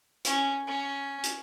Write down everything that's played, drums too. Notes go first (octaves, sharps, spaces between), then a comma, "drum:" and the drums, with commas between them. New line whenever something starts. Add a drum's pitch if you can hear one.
C#4, drum: hi-hat
C#4
drum: hi-hat